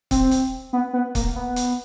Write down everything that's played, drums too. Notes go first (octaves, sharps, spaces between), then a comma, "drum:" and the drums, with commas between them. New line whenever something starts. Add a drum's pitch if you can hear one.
C4, drum: kick, hi-hat
drum: hi-hat
B3
B3
A#3, drum: kick, hi-hat
B3
drum: hi-hat